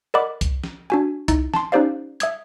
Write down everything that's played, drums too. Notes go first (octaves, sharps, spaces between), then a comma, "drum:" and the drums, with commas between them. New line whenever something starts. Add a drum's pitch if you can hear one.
A#4 D5 D#5 F#5 B5 D6
drum: kick C2, hi-hat
drum: snare
D4 F#4 G#5
D#4 E4, drum: kick C2, hi-hat
A5 C6, drum: snare
C#4 D#4 G4 C5 D5 F5
E5 D#6 G#6, drum: hi-hat